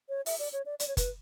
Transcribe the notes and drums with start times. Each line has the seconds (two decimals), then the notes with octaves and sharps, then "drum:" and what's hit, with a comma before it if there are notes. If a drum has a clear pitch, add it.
0.09 C#5
0.26 E5, drum: open hi-hat
0.39 D5
0.53 C#5
0.66 D5
0.80 D5, drum: hi-hat
0.88 C#5
0.97 B4, drum: kick, hi-hat